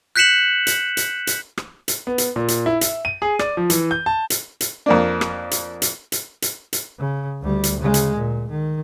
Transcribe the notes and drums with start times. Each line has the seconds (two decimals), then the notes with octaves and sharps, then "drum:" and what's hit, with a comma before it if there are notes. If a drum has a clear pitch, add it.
0.16 F#6 G6 B6 C#7 E7 F#7
0.67 drum: hi-hat
0.97 drum: hi-hat
1.27 drum: hi-hat
1.58 drum: rim click
1.88 drum: hi-hat
2.07 B3
2.18 drum: hi-hat
2.36 A#2
2.48 drum: hi-hat
2.66 E4
2.81 E5, drum: hi-hat
3.05 D#7
3.22 G#4
3.39 D5, drum: rim click
3.57 F3
3.70 E3, drum: hi-hat
3.91 G6
4.06 A5
4.30 drum: hi-hat
4.61 drum: hi-hat
4.86 F2 A#3 D4
5.21 drum: rim click
5.51 drum: hi-hat
5.82 drum: hi-hat
6.12 drum: hi-hat
6.42 drum: hi-hat
6.73 drum: hi-hat
6.99 C#3
7.42 D2 G3
7.64 drum: hi-hat
7.79 C#3 G#3
7.94 drum: hi-hat
8.16 A#2
8.49 D#3